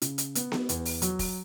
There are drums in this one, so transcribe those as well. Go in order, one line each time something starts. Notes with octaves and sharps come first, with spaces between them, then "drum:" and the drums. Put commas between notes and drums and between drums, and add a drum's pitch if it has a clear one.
C#3, drum: hi-hat
drum: hi-hat
B3, drum: hi-hat
drum: snare B3
E2, drum: hi-hat
drum: open hi-hat
F#3, drum: hi-hat
drum: kick, open hi-hat